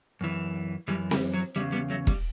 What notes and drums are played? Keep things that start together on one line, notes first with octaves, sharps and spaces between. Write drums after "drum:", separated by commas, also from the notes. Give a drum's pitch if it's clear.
F#2 E3
F#2 E3 G3
G3, drum: snare C4
F#3
E2 C#3 G3
G3 B3
F#3 A3
G3, drum: kick E1